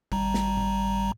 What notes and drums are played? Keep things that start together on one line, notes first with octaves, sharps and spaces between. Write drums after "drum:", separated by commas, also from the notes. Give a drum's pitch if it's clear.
G#1 G3 A#5, drum: kick
drum: snare
drum: tom A2